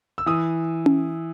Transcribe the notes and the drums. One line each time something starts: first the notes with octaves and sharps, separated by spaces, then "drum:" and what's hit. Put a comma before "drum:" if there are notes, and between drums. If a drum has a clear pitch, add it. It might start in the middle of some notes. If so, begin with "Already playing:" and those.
E6
E3 D#6
drum: tom C#4